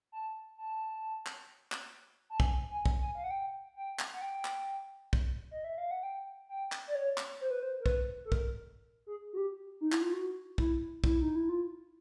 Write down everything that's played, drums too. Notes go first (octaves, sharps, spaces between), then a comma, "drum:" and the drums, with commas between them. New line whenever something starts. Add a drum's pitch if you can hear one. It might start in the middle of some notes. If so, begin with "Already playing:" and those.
A5
A5
drum: clap
drum: clap
A5
G#5, drum: kick
G#5
drum: kick
G#5
F5
F#5
G5
G5
drum: clap
F#5
G5
drum: clap
drum: kick
D#5
E5
F5
F#5
G5
G5
drum: clap
D5
C#5
drum: clap
C5
B4
C5
A#4
B4, drum: kick
A4
A#4, drum: kick
G#4
F#4
G4
D#4
E4, drum: clap
F4
F#4
E4, drum: kick
E4, drum: kick
D#4
E4
F4